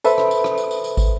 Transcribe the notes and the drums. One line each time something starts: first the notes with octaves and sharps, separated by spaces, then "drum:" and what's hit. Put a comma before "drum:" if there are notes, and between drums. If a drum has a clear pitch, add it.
A4 B4 C5 E5 B5, drum: tambourine
drum: rim click
drum: tambourine
drum: rim click
drum: tambourine
drum: tambourine
drum: tambourine
drum: kick, tambourine